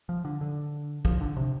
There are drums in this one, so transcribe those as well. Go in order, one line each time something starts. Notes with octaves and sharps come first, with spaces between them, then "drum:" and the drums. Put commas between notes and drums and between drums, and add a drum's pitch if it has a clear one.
F3
D3
D3
F3, drum: kick
D3
C3